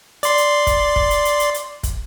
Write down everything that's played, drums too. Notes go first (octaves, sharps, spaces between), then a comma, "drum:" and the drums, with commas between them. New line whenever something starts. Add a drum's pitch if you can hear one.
D5 C6, drum: hi-hat
drum: hi-hat
drum: kick, hi-hat
drum: kick
drum: hi-hat
drum: hi-hat
drum: hi-hat
drum: hi-hat
drum: kick, hi-hat